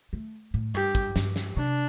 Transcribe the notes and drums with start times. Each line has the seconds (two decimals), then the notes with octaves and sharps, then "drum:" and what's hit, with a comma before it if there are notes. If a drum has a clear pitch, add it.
0.13 A3
0.54 A2
0.74 G2 G4, drum: hi-hat
0.95 drum: kick, hi-hat
1.16 G2, drum: snare
1.36 drum: snare
1.56 C3 D4